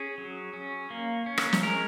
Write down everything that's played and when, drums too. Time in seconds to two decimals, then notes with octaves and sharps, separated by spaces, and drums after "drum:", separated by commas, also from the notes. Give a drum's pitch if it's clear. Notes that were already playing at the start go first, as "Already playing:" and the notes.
Already playing: C#4 G#4
0.18 F#3
0.53 C#4
0.90 A#3
1.26 C#4
1.38 drum: rim click
1.53 drum: snare
1.63 G#3 A#4